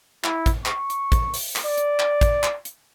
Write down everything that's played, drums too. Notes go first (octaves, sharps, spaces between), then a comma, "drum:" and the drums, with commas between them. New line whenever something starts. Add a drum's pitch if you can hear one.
E4, drum: clap
drum: kick, hi-hat
C#6, drum: clap
drum: hi-hat
drum: kick, hi-hat
drum: open hi-hat
drum: clap
D5
drum: hi-hat
drum: clap
drum: kick, hi-hat
drum: clap
drum: hi-hat